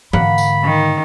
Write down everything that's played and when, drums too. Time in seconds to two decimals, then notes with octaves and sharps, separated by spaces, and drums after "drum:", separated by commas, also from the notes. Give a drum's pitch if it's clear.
0.13 G#2 D3 A#3 F#5 B5, drum: tom E3
0.38 drum: tambourine
0.64 D#3